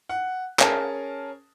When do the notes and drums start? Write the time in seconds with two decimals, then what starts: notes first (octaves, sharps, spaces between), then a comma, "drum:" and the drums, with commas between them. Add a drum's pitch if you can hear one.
0.09 F#5
0.59 C#4 G#4 A#4 A5, drum: clap